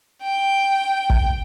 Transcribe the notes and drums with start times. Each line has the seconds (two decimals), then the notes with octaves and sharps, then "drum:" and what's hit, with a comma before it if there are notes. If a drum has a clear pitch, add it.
0.23 G5
1.10 drum: kick